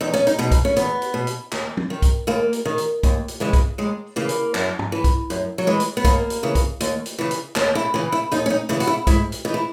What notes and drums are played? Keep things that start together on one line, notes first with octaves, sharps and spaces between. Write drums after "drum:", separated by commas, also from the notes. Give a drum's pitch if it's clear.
E2 D#4
C#4
D#4, drum: hi-hat
B2 D#4
drum: kick, hi-hat
C#4
E2 B3, drum: hi-hat
drum: hi-hat
B2
drum: hi-hat
D#2, drum: clap
drum: tom
D#3
drum: kick, hi-hat
D#2 A#3
drum: hi-hat
D#3
drum: hi-hat
D#2, drum: kick, hi-hat
drum: hi-hat
C#3 E3 G#3
drum: kick, hi-hat
D#2 G#3
C#3 E3 A#3
drum: hi-hat
F#2, drum: clap
drum: tom
E3
drum: kick, hi-hat
F#2, drum: hi-hat
F#3
E3 G#3
drum: hi-hat
B3
D#2 A#3, drum: kick, hi-hat
drum: hi-hat
C#3 E3
drum: kick, hi-hat
D#2, drum: hi-hat
drum: hi-hat
C#3 E3
drum: hi-hat
D#2 C#4, drum: clap
E4
C#3 E3
E4
D#2 D#4, drum: hi-hat
C#4
D#4
C#3 E3 E4
F#4, drum: hi-hat
E4
G#2 E4, drum: kick, hi-hat
drum: hi-hat
E3 D#4
E4